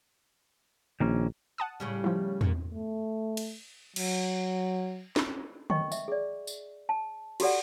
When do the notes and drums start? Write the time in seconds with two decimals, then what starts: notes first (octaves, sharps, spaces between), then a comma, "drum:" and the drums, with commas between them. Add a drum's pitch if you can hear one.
1.00 A#1 D#3 A#3 C#4
1.58 F#5 A5 D#6
1.80 A2 C#3 G3
2.04 F3 E4
2.41 A#2, drum: tom E2
2.72 A3
3.37 drum: cymbal
3.96 F#3, drum: cymbal
5.16 drum: snare
5.70 D#5 G5 C#6, drum: tom D3
5.92 E5, drum: tambourine
6.08 G#4 D5
6.47 drum: tambourine
6.89 A5
7.40 F#4 G4 A4 D5 F#5, drum: cymbal